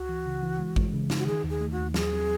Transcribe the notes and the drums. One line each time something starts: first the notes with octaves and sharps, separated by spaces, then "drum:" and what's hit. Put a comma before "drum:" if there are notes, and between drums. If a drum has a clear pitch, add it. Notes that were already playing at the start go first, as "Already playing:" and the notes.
Already playing: C#2 F#4
E3
C#3
E3
G#3
G#3, drum: kick G#1
C#3
D#4, drum: snare
F#4
D#3 G#4
D#2
G#4
A3
F#4
D#2
F#3 G#4, drum: snare
C4